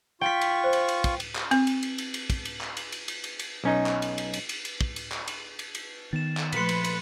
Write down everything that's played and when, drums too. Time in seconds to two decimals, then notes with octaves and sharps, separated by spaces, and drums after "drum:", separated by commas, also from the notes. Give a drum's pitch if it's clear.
0.21 F4 G5 C#6 B6
0.41 drum: cymbal
0.64 C5
0.73 drum: cymbal
0.89 drum: cymbal
1.04 drum: kick, cymbal
1.20 drum: cymbal
1.36 drum: clap
1.51 C4, drum: cymbal
1.67 drum: cymbal
1.83 drum: cymbal
1.98 drum: cymbal
2.14 drum: cymbal
2.30 drum: kick, cymbal
2.45 drum: cymbal
2.61 drum: clap
2.77 drum: cymbal
2.92 drum: cymbal
3.08 drum: cymbal
3.24 drum: cymbal
3.39 drum: cymbal
3.64 B1 C#4 D#4
3.86 drum: clap
4.02 drum: cymbal
4.18 drum: cymbal
4.34 drum: cymbal
4.49 drum: cymbal
4.65 drum: cymbal
4.81 drum: kick
4.96 drum: cymbal
5.12 drum: clap
5.28 drum: cymbal
5.59 drum: cymbal
5.75 drum: cymbal
6.13 D#3 B3 A6 E7
6.37 drum: clap
6.52 A#2 F3 A3 B4 C6 B6 C#7, drum: cymbal
6.69 drum: cymbal
6.84 drum: cymbal